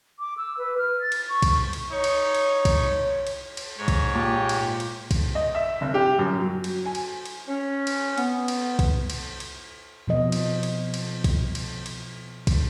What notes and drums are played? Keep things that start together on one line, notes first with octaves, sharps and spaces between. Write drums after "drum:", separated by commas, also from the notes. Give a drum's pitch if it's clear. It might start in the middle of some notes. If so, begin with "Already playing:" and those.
D6
E6
B4
F6
A6
drum: cymbal
C#6
drum: kick, cymbal
drum: cymbal
D#4 C#5 C#6
drum: cymbal
drum: cymbal
drum: kick, cymbal
drum: cymbal
drum: cymbal
G#2 C#5
drum: kick, cymbal
A#2 G4 A5 D6
drum: cymbal
drum: cymbal
drum: kick, cymbal
D#5
E5
F1
G4
F#2
F#3
drum: cymbal
G#5
drum: cymbal
drum: cymbal
C#4
drum: cymbal
B3, drum: cymbal
drum: cymbal
drum: kick, cymbal
drum: cymbal
drum: cymbal
B2 F3 D#5
drum: cymbal
drum: cymbal
drum: cymbal
drum: kick, cymbal
drum: cymbal
drum: cymbal
drum: kick, cymbal